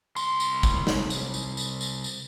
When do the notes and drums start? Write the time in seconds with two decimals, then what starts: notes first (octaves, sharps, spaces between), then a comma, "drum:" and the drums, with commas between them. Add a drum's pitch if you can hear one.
0.16 C2 C6, drum: tambourine
0.40 drum: tambourine
0.63 drum: kick, tambourine
0.87 drum: snare
1.10 drum: tambourine
1.34 drum: tambourine
1.57 drum: tambourine
1.81 drum: tambourine
2.04 drum: tambourine